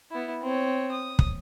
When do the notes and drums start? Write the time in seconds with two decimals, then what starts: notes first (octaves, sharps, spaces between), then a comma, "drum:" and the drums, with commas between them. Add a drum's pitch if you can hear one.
0.11 B3 E4
0.42 C4 C#5
0.92 D#6
1.19 drum: kick